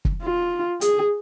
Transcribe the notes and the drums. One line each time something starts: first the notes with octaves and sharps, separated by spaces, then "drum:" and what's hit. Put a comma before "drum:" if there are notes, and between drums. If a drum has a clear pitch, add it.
drum: kick
F4
G#4, drum: hi-hat